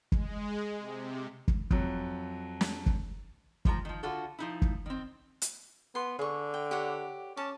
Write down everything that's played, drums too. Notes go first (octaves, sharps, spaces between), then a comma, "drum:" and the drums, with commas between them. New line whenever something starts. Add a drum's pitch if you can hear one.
G#3, drum: kick
C3
drum: kick
F2 F#3, drum: kick
drum: snare
drum: kick
D#3 F3 F4 A#5, drum: kick
D#3 F3
D3 F4 F#4 A4
F3 D#4 E4
drum: kick
D#3 C4
drum: hi-hat
B3 C6
D3 G#4 C#6
G5
G4 C#5 F#5
C#4 A5 D6